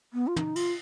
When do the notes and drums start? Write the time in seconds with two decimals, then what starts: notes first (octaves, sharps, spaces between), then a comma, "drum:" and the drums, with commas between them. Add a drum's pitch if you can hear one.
0.13 B3
0.27 F4
0.36 D#4, drum: tom
0.56 F4, drum: cymbal